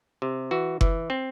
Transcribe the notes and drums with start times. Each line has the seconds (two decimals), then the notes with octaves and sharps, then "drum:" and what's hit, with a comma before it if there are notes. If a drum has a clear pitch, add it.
0.22 C3
0.51 E3 F#4
0.81 E3, drum: kick F#1
1.10 C4